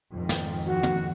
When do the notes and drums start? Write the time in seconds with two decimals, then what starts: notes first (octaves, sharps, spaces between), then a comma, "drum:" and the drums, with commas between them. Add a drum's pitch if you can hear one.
0.12 F2 G#2 D#3
0.29 drum: snare
0.66 F#4
0.83 drum: tom